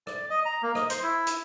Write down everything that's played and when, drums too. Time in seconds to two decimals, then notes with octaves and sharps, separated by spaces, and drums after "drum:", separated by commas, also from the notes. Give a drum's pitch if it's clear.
0.07 D5, drum: rim click
0.30 D#5
0.45 A#5
0.63 A#3
0.75 D#5, drum: rim click
0.90 C5, drum: hi-hat
1.03 E4
1.27 drum: hi-hat